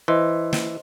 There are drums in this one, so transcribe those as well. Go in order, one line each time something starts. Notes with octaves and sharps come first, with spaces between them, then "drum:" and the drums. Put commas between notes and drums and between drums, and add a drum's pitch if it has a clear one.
E3 C5 D#5 C6
drum: snare